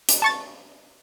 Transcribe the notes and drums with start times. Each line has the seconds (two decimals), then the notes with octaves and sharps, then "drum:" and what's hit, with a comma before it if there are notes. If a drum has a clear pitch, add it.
0.09 drum: hi-hat
0.22 A5 C#6 A6